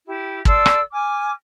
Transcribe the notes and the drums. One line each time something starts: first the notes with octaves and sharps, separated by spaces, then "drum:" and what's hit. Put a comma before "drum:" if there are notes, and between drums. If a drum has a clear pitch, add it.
E4 G4
A4 D5 C6 E6, drum: kick
drum: rim click
G#5 D6 F6